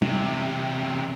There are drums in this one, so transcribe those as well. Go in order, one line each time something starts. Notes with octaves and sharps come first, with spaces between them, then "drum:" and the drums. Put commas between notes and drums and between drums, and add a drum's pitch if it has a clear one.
E2 C3, drum: tom